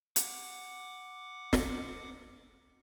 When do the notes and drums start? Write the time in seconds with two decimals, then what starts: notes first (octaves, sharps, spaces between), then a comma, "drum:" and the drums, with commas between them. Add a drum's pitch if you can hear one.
0.16 F#5 D6, drum: hi-hat
1.53 drum: snare